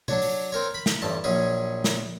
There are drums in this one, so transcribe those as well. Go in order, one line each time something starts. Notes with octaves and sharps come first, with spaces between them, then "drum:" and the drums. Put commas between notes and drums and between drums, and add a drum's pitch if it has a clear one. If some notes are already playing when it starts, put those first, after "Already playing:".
F#3 D4 C#5, drum: tom C3
drum: open hi-hat
C4 A#4 C#5
B5
drum: snare
A1 G2 A5
A#1 F#3 C#4 G#4
drum: snare